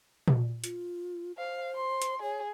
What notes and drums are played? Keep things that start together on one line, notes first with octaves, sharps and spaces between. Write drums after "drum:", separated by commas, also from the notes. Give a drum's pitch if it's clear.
drum: tom A#2
F4, drum: hi-hat
C5 F5
C6
drum: hi-hat
G#4 C#5